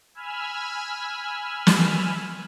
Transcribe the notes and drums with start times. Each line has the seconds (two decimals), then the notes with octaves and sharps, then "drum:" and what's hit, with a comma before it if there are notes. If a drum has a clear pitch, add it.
0.15 G#5 B5 E6 F6 G#6
1.67 drum: snare